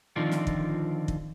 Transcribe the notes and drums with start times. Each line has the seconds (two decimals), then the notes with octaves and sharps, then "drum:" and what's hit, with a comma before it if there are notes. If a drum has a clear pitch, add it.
0.16 D3 D#3 F3 C4 F4 D5
0.31 drum: snare
0.47 drum: kick
1.08 drum: kick